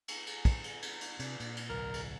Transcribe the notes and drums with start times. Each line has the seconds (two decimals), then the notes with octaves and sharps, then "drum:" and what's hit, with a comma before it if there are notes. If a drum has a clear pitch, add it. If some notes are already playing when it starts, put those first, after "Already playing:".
0.08 drum: cymbal
0.27 drum: cymbal
0.45 drum: kick, cymbal
0.64 drum: cymbal
0.82 drum: cymbal
1.01 drum: cymbal
1.19 C3 D4, drum: cymbal
1.40 A#2, drum: cymbal
1.56 drum: cymbal
1.70 D1 B1 A#4
1.94 drum: cymbal